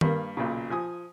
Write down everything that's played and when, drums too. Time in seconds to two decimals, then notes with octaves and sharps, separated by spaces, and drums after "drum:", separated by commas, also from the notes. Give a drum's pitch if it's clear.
0.01 G2 A#3, drum: tom D#3
0.37 B1 A#2 C#3
0.70 F3 G#5 D#6